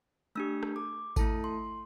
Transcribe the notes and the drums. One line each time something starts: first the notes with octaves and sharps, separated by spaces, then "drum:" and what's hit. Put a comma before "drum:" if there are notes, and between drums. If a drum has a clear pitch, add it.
A3 D4 G4 E6
drum: rim click
D6
A3 E4 A4 A5, drum: kick G#1, tambourine
C6